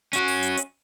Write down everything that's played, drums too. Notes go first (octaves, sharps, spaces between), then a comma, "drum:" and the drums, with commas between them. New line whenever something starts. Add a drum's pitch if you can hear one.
C#4 F#4, drum: hi-hat
drum: open hi-hat
drum: hi-hat
drum: hi-hat